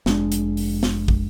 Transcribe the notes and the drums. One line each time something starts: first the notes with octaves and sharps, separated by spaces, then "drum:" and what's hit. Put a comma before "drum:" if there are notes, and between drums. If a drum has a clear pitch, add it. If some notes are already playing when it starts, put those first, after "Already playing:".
F1 G#3 D4, drum: snare
drum: hi-hat
drum: open hi-hat
drum: snare
drum: kick